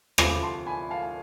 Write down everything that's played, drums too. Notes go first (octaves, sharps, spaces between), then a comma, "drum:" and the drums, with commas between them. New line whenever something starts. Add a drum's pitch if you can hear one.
D2 C3 F3 B5 D6, drum: rim click
A5 C6
G#5 B5
F5 A5